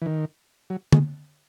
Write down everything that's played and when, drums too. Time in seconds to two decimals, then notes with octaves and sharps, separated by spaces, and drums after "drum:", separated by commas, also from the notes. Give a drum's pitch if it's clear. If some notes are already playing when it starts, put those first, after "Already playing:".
0.02 E3
0.06 D#3
0.70 F#3
0.92 G#3, drum: tom D3